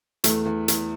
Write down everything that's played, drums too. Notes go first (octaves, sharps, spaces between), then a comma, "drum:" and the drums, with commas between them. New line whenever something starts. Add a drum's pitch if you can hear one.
E2 A3, drum: hi-hat
E2
E2, drum: hi-hat